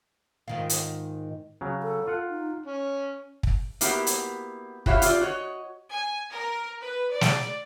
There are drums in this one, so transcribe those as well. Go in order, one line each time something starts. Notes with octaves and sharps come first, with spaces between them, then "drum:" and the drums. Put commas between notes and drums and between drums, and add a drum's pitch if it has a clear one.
G#2 D#3 F4
drum: hi-hat
C#3 F#3
A4
F4 F#5
D#4
C#4
drum: kick
A#3 B3 E4 F#4 G4, drum: hi-hat
drum: hi-hat
E4 F#4 G4 C#5 E5 F5, drum: kick
F4 G4 A4 D5, drum: hi-hat
F#4 C#5 D#5
G#5
A#4
B4
D5
drum: snare